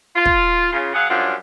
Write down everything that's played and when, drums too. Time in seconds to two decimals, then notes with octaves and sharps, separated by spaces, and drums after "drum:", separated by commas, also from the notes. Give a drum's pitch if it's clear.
0.16 F4
0.25 drum: kick
0.73 C#3 F4
0.94 F#3 G#4 F5 F#5
1.10 F#2 F3 G3 C#4 D4 F4